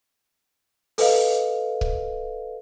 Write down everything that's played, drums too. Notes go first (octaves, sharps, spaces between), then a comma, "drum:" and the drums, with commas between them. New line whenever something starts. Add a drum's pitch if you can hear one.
A4 B4 D#5 F5, drum: open hi-hat
drum: kick C#1